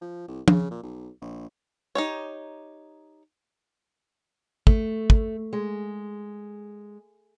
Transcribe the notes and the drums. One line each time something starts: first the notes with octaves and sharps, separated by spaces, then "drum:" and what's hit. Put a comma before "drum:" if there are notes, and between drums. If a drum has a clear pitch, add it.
F3
C2
C#3, drum: tom
A#2
B1
A#1
D#4 G4 C#5
A3, drum: kick
drum: kick
G#3